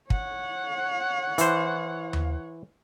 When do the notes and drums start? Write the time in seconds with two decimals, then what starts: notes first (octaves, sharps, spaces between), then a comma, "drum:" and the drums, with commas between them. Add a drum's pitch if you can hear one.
0.10 C#5 F#5, drum: kick
1.38 E3 C5, drum: hi-hat
2.13 drum: tom D#2